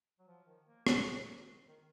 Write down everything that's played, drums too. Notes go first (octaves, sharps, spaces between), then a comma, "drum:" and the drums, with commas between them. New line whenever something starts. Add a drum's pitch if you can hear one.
F#3
F3
D#3
A#3
G#3, drum: rim click
F3
D#3
D#3